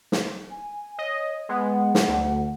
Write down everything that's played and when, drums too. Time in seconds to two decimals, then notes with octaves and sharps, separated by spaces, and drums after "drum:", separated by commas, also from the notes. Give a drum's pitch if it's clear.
0.12 drum: snare
0.50 G#5
0.99 C#5 D#5
1.49 G#3 B3 F#5
1.95 drum: snare
2.08 D2